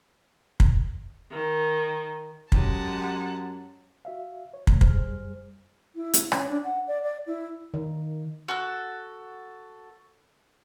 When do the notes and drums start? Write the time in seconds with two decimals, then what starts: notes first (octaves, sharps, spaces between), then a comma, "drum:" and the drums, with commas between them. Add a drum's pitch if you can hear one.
0.60 drum: kick
1.32 D#3
2.52 F#2 F#3 G#3 G4 F#5 A5, drum: kick
4.05 F#4 E5 F5
4.54 C#5
4.67 D#2 A3, drum: kick
4.81 F#2 G3 G#4 C5 F6, drum: kick
5.95 E4
6.14 drum: hi-hat
6.32 C#4, drum: rim click
6.48 D4
6.63 F#5
6.87 D5
7.02 D5
7.26 E4
7.74 D#3
8.48 F#4 A4 F#6